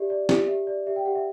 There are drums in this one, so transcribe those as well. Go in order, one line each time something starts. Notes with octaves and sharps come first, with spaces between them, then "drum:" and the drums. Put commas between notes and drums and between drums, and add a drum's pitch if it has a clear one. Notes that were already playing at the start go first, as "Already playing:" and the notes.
Already playing: G4 D5 E5
D5
G4, drum: snare
G4 E5
D5
G4 E5
G5
G4 F#5
E5